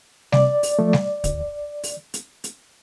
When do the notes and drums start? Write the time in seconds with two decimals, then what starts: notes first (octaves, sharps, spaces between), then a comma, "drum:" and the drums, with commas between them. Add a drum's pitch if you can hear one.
0.32 C3 D5, drum: snare G3
0.63 drum: open hi-hat
0.79 F3 A3
0.93 drum: snare G3
1.24 D2, drum: kick, hi-hat
1.83 drum: open hi-hat
2.14 drum: hi-hat
2.44 drum: hi-hat